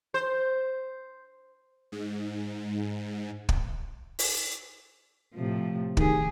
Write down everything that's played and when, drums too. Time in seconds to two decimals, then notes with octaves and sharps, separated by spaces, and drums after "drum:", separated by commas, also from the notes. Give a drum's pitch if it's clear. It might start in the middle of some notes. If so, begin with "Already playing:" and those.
0.14 C5
1.92 G#2
3.49 drum: kick
4.19 drum: open hi-hat
5.35 A2 C3 F3
5.97 D#3 G4 G#4, drum: kick